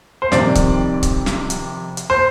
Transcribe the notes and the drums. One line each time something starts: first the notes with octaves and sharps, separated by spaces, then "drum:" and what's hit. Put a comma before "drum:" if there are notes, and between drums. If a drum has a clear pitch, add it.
C5
F2 C3 D#3 G3 D5, drum: snare
drum: kick C#1, hi-hat
drum: kick C#1, hi-hat
drum: snare
drum: hi-hat
drum: hi-hat
C5